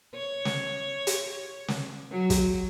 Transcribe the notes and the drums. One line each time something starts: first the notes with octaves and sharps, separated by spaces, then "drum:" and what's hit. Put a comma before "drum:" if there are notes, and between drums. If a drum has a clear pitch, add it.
C#5
drum: snare
drum: hi-hat
drum: snare
F#3
drum: kick, hi-hat